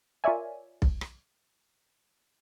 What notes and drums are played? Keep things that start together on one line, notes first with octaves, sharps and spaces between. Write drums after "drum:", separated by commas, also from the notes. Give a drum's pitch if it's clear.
F4 A#4 C#5 D5 E5 G#5
drum: kick B1
drum: rim click